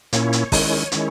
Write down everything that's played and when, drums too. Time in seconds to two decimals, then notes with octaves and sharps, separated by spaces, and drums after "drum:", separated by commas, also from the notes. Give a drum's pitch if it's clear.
0.13 A#2 A#3 C#4 E4 C#5, drum: hi-hat
0.33 drum: hi-hat
0.52 D#3 G#3 C#4 E4, drum: kick, open hi-hat
0.92 D#3 G#3 C#4 E4, drum: hi-hat